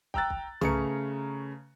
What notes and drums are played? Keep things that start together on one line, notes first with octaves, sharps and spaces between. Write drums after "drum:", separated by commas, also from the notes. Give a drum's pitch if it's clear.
G5 A#5 E6 F#6 A6, drum: kick
drum: kick
C#3 A3 C#4 B4 A#5 C#7, drum: tom C2